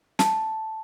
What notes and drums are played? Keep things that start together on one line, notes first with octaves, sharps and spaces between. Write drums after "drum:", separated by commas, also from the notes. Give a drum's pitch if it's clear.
A5, drum: snare